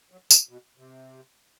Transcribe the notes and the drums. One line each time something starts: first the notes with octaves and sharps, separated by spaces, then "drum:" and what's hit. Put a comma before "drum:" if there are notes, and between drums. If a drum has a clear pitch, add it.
F#3
F3, drum: tambourine
B2
C3